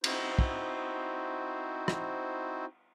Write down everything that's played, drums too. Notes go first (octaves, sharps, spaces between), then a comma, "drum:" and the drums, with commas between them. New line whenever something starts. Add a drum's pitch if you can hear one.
C4 D#4 E4 F#4 C5, drum: cymbal
drum: kick
drum: rim click